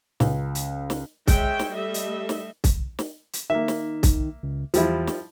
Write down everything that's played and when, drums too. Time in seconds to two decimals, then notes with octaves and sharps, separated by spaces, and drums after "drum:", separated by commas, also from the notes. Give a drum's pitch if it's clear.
0.20 C#2, drum: snare
0.55 drum: hi-hat
0.90 drum: snare
1.27 G#3 C#5 E5 G5, drum: kick, hi-hat
1.59 drum: snare
1.73 G3 A3 D#5 E5
1.94 drum: hi-hat
2.29 drum: snare
2.64 drum: kick, hi-hat
2.99 drum: snare
3.33 drum: hi-hat
3.50 D#3 A#3 E5
3.68 drum: snare
4.03 drum: kick, hi-hat
4.43 C#2
4.74 E2 F3 G3 E4, drum: hi-hat
5.07 drum: snare